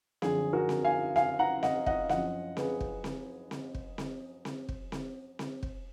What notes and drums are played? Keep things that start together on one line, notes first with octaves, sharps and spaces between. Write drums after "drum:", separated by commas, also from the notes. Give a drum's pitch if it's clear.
F#2 D3 F3 G#4, drum: snare C4
F#4 A#4
drum: snare C4
F5 G#5
F5 G#5, drum: snare C4
F#5 A#5
D#5 F#5, drum: snare C4
D#5 F#5, drum: kick
F#2 F3 D#5 F#5, drum: snare C4
G#4 B4, drum: snare C4
drum: kick
drum: snare C4
drum: snare C4
drum: kick
drum: snare C4
drum: snare C4
drum: kick
drum: snare C4
drum: snare C4
drum: kick